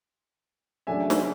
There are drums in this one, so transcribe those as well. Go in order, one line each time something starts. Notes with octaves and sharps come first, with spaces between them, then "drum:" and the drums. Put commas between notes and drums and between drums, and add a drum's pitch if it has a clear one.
C#3 F#3 A3 D4 E5 G#5
drum: snare